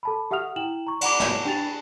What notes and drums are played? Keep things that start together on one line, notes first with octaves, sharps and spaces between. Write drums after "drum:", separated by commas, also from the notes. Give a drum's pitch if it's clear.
A4 A5 B5
G4 E5 F#5 D#6 F6 F7
E4 G5 E7 F#7
A#5 C#6
D5 F#5 A#5 D6, drum: cymbal
drum: snare
D4 G4 A6 F7